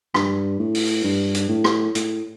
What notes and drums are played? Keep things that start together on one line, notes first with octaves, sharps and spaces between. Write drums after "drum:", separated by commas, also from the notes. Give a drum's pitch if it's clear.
G2, drum: rim click
A2
drum: open hi-hat
G2
drum: hi-hat
A2
drum: rim click
A2, drum: hi-hat